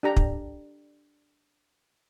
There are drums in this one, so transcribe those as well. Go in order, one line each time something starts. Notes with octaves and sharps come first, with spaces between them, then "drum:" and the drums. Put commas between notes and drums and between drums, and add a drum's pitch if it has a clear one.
D4 G4 A#5
drum: kick